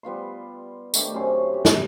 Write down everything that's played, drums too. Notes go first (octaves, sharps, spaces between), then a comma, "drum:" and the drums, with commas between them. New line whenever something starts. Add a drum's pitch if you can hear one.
G3 B3 F4 C6
D#3 A3 D4 G4, drum: tambourine
F#2 C3 C#4 C6
G4
drum: snare